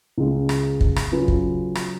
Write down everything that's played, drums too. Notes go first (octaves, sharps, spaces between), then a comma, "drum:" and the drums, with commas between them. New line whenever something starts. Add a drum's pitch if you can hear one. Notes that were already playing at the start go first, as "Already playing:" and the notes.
C#2 C#3 G#3
drum: rim click
drum: kick
drum: rim click
C#3 F#3 C#4 F4 B4
drum: kick
drum: rim click